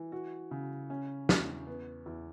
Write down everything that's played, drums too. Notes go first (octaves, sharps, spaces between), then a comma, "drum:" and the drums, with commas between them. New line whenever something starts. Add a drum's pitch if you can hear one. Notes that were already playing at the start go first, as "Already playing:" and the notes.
Already playing: E3
F#4
C#3
C#4
E2, drum: snare
B3
E2